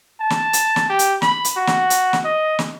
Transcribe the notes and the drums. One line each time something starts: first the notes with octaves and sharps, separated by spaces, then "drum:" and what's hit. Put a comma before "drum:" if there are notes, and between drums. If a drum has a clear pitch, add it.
A5
drum: snare
drum: hi-hat
drum: snare
G4
drum: hi-hat
B5, drum: snare
drum: hi-hat
F#4
drum: snare
drum: hi-hat
drum: snare
D#5
drum: snare